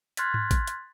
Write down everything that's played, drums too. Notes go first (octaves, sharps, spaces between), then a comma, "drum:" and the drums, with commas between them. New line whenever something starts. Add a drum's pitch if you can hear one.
C6 F6 F#6 G#6 A6 B6, drum: hi-hat
drum: tom G#2
drum: kick, hi-hat
drum: hi-hat